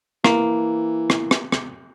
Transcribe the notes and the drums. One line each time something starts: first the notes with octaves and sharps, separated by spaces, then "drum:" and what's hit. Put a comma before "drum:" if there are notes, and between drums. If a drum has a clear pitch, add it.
E3 A#3, drum: rim click
drum: rim click
drum: rim click
drum: rim click